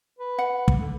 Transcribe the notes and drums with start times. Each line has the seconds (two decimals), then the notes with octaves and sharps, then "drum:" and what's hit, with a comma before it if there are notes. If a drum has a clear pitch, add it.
0.18 B4
0.39 F#5
0.68 drum: kick
0.79 D3